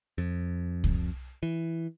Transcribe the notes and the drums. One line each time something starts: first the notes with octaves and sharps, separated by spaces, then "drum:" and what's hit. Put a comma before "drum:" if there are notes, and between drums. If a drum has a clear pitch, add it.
F2
drum: kick C2
E3